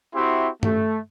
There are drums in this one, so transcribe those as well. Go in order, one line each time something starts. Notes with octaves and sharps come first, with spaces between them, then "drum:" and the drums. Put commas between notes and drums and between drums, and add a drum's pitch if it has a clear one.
C4 E4 F#4 G4 E5 C6
A3, drum: tom